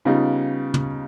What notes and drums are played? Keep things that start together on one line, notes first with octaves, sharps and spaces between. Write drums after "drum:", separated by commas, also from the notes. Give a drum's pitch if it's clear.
C#3 G3 B3 D#4 F4
drum: tom